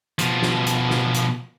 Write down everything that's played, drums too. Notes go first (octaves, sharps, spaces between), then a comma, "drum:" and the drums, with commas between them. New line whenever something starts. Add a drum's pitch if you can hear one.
B2 F3, drum: hi-hat
drum: snare
drum: hi-hat
drum: snare
drum: hi-hat